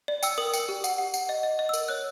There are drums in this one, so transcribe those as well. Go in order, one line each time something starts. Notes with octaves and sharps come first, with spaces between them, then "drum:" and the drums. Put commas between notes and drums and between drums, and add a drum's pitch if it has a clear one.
D5
G5 E6, drum: tambourine
A#4 D#6
G5, drum: tambourine
G4
F#5, drum: tambourine
F#5
F#5, drum: tambourine
D#5
D#5
D#5
E6
A#4, drum: tambourine
C#5 F#6